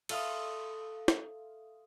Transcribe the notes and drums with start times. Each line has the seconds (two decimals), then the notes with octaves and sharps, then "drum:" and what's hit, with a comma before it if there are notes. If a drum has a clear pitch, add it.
0.09 A4 E5 F5 C6 D#6 F6, drum: cymbal
1.08 drum: snare